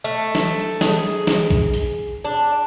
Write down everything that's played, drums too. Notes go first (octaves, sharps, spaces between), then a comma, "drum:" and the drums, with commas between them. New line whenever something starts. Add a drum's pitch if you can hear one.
A3
drum: snare
G#4, drum: snare
drum: snare
drum: kick A#1
drum: open hi-hat
D4